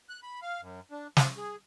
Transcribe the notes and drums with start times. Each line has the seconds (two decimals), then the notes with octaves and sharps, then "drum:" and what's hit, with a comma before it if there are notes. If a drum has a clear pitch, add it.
0.09 F#6
0.23 B5
0.42 F5
0.61 F#2
0.91 D4
1.17 F3, drum: snare
1.37 G#4